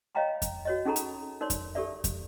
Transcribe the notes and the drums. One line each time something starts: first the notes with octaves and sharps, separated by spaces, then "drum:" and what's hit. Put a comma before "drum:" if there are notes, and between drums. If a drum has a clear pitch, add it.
C#5 D#5 F5 G5 A#5 B5
drum: kick F2, hi-hat
F#4 C#5 D#5
C#4 D#4 G#4 A4 A#5 B5
drum: hi-hat
D#4 A#4 C#5 D5 C6
drum: kick F2, hi-hat
G4 A4 A#4 D5 E5
drum: kick F2, hi-hat